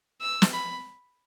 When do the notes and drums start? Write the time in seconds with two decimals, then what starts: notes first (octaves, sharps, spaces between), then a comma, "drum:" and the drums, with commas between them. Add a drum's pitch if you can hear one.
0.21 E6
0.42 drum: snare
0.52 B5